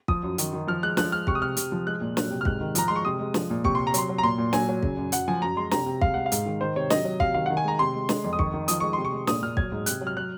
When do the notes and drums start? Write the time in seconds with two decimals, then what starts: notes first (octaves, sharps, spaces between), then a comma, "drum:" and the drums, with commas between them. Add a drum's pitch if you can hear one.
0.08 F3 D#6, drum: kick
0.23 F#2
0.38 D#3, drum: hi-hat
0.53 D#3
0.68 F3 F6
0.83 G#3 F#6
0.97 F3 F#6, drum: snare
1.12 G#3 F6
1.27 C3 C#6, drum: kick
1.35 D#6
1.42 C3 F6
1.57 C3, drum: hi-hat
1.72 F3
1.87 G#3 F#6
2.01 A#2
2.17 F#3, drum: snare
2.30 C3
2.41 F6
2.45 G#2 F#6, drum: kick
2.61 D#3
2.75 F3 A#5, drum: hi-hat
2.88 G#3 C6
2.96 C#6
3.05 C3 D#6
3.19 G#3
3.34 F3, drum: snare
3.50 A#2
3.64 C3 C#6, drum: kick
3.75 C3 C6
3.87 A#5
3.94 F#3 C6, drum: hi-hat
4.09 F#3
4.18 A#5
4.23 A#2 C6
4.38 A#2
4.53 F#3 G#5, drum: snare
4.69 F#3
4.83 C#3, drum: kick
4.97 F#2
5.12 F#2 F#5, drum: hi-hat
5.28 F3 G#5
5.42 F#2 A#5
5.57 G#3 C6
5.71 C3 A#5, drum: snare
5.86 C3
6.01 G#3 F5, drum: kick
6.14 G#3 F#5
6.26 F5
6.32 G#2, drum: hi-hat
6.46 D#3
6.61 D#3 C5
6.76 C3 C#5
6.90 F#3 D#5, drum: snare
7.05 F#3
7.20 C3 F5, drum: kick
7.34 D#3 F5
7.46 D#3 F#5
7.57 G#5
7.64 G#3 A#5
7.79 C3 C6
7.95 G#3
8.09 G#3, drum: snare
8.24 F2
8.33 D#6
8.39 D#3 C#6, drum: kick
8.54 D#3
8.68 F3 D#6, drum: hi-hat
8.80 G#3 C#6
8.93 C6
8.98 C3
9.05 C#6
9.13 G#3
9.27 A#2 D#6, drum: snare
9.42 A#2 F6
9.57 F#3 G#6, drum: kick
9.72 G#2
9.86 C3 F#6, drum: hi-hat
10.01 F#3
10.07 F6
10.17 F#3 F#6